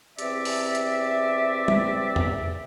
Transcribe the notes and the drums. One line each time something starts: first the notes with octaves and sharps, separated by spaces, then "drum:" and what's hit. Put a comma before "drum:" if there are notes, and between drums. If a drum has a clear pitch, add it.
E2 C3 C4 D5 E5, drum: hi-hat
drum: open hi-hat
drum: hi-hat
drum: tom G3
drum: tom E2